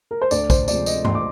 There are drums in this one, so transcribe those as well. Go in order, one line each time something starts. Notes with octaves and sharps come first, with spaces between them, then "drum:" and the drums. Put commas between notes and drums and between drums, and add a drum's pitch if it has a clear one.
A#4
C5
D2 D5, drum: tambourine
C5, drum: kick A#1, tambourine
C3 F3 G#3 D5, drum: tambourine
D#5, drum: tambourine
D2 C6, drum: tom
D6